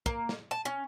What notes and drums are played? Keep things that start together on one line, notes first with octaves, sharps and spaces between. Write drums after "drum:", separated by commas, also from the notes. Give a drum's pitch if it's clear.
A#3, drum: kick
drum: snare
A5
C#4